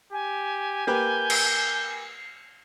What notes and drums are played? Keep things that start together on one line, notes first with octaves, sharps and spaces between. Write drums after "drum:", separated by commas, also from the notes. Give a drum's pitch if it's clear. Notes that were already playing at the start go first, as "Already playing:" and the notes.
G4 G#5
A#3 G4 B4 G6
drum: cymbal